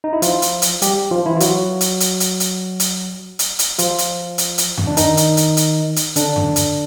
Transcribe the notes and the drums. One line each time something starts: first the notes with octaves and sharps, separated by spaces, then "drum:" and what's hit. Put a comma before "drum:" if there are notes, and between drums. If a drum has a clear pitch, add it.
D#4
E4
F3 F4, drum: hi-hat
drum: hi-hat
drum: hi-hat
G3 G4, drum: hi-hat
F3 F4
E3 E4
F4
F#3 F#4, drum: hi-hat
drum: hi-hat
drum: hi-hat
drum: hi-hat
drum: hi-hat
drum: hi-hat
drum: hi-hat
drum: hi-hat
F3 F4, drum: hi-hat
drum: hi-hat
drum: hi-hat
drum: hi-hat
drum: tom F2
D4
D#3 D#4, drum: hi-hat
drum: hi-hat
drum: hi-hat
drum: hi-hat
drum: hi-hat
D3 D4, drum: hi-hat
drum: tom F2
drum: hi-hat